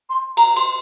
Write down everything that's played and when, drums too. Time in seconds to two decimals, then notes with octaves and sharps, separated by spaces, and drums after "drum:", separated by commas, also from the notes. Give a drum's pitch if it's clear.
0.10 C6
0.37 A#5, drum: cymbal
0.56 C6, drum: cymbal